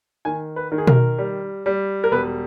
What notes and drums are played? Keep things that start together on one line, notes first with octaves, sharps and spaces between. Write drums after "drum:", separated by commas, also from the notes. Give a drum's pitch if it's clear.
D#3 G#5
B4
D#3
G#4
A#4, drum: tom B2
G3
G3
A#4
E1 B4